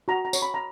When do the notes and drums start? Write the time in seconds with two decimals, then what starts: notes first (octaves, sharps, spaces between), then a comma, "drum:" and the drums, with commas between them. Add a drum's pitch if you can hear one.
0.08 F#4 A#5
0.25 A#5
0.33 C#5, drum: tambourine
0.42 B5
0.54 A#5